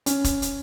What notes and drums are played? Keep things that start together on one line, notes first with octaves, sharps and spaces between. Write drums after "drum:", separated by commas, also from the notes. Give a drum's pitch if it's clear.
C#4, drum: hi-hat
drum: kick, hi-hat
drum: hi-hat